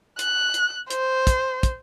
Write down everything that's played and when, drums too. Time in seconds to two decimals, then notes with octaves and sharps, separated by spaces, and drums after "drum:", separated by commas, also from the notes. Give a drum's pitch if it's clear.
0.19 F#6, drum: hi-hat
0.54 drum: hi-hat
0.90 C5, drum: hi-hat
1.27 drum: kick, hi-hat
1.63 drum: kick, hi-hat